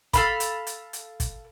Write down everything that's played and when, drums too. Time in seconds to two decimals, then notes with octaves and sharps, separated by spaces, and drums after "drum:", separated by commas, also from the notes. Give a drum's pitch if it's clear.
0.13 A4 F5 B5, drum: kick, hi-hat
0.40 drum: hi-hat
0.67 drum: hi-hat
0.93 drum: hi-hat
1.20 drum: kick, hi-hat